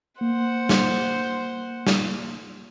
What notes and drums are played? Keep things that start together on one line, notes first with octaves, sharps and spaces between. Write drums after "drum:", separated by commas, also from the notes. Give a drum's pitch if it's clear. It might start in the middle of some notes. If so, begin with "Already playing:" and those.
A#3 C5 F#5
drum: snare
drum: snare